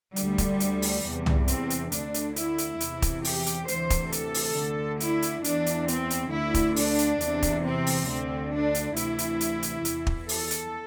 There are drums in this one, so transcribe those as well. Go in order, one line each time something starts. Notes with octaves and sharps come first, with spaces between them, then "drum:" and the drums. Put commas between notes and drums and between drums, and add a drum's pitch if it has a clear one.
D2 D3 G3, drum: hi-hat
drum: kick, hi-hat
drum: hi-hat
drum: open hi-hat
E2 C3 E3
drum: tom
C4, drum: hi-hat
drum: hi-hat
D2 D3 D4, drum: hi-hat
drum: hi-hat
E4, drum: hi-hat
drum: hi-hat
E2 C3 E3, drum: hi-hat
drum: kick, hi-hat
G4, drum: open hi-hat
drum: hi-hat
D2 C3 E3 C5, drum: hi-hat
drum: kick, hi-hat
A4, drum: hi-hat
drum: open hi-hat
D2 D3
E4, drum: hi-hat
drum: hi-hat
E2 E3 D4, drum: hi-hat
drum: hi-hat
C4, drum: hi-hat
drum: hi-hat
D2 D3 E4
drum: kick, hi-hat
D4, drum: open hi-hat
drum: hi-hat
E2 C3 E3, drum: hi-hat
drum: kick, hi-hat
C4
drum: open hi-hat
D2 D3 C4
D4
drum: hi-hat
D2 C3 E3 E4, drum: hi-hat
drum: hi-hat
drum: hi-hat
drum: hi-hat
E2 E3, drum: hi-hat
drum: kick
A4, drum: open hi-hat
drum: hi-hat